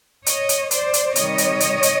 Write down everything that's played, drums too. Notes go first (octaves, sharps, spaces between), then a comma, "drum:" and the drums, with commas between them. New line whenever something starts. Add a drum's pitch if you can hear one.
C#5 D#5, drum: hi-hat
drum: hi-hat
C5 D5, drum: hi-hat
drum: hi-hat
C3 D#3 G3 C#5 D#5, drum: hi-hat
drum: hi-hat
drum: hi-hat
drum: hi-hat